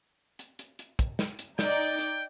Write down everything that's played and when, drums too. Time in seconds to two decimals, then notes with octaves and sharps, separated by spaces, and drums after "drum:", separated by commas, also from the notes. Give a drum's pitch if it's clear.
0.39 drum: hi-hat
0.59 drum: hi-hat
0.79 drum: hi-hat
0.99 drum: kick, hi-hat
1.19 drum: snare
1.39 drum: hi-hat
1.59 D#4 D5 G5, drum: snare
1.99 drum: hi-hat